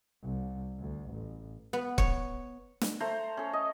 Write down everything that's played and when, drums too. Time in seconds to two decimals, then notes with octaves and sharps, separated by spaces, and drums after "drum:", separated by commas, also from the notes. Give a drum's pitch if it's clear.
0.22 C2
0.79 D2
1.10 A1
1.73 B3
1.98 C#5, drum: kick
2.81 drum: snare
3.00 A3 C5 A#5
3.37 C#4 A4
3.53 D#5